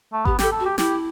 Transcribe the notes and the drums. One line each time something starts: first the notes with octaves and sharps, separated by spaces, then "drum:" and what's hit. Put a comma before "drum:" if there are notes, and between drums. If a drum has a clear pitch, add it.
A3
B3 G4, drum: kick G#1
G4 A4, drum: snare
A4
F#4
G4
E4 G4, drum: snare